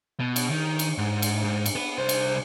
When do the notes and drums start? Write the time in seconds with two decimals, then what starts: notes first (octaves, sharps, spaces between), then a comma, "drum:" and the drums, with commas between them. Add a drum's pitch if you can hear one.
0.20 B2
0.36 drum: cymbal
0.50 D#3
0.79 drum: cymbal
0.98 G#2
1.22 drum: cymbal
1.44 G#2
1.66 drum: cymbal
1.76 B3 B4
1.98 C2 C5
2.09 drum: cymbal